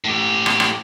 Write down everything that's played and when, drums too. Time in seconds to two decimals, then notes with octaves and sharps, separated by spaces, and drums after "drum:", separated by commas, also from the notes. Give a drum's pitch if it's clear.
0.04 A2 G4
0.46 drum: rim click
0.60 drum: rim click